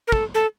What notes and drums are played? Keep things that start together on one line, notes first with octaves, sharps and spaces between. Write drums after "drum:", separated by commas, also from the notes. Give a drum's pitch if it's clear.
A#4
A4, drum: kick
A4